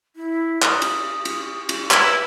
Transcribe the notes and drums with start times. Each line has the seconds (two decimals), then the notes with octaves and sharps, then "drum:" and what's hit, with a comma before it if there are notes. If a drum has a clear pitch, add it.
0.16 E4
0.62 D#6, drum: clap
0.82 drum: cymbal
1.25 drum: cymbal
1.69 drum: cymbal
1.91 E4 B4, drum: clap